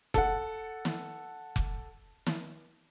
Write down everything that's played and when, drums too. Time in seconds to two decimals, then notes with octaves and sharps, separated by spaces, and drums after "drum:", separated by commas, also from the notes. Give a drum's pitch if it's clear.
0.14 A4 F#5, drum: kick F1
0.85 drum: snare
1.56 drum: kick F1
2.26 drum: snare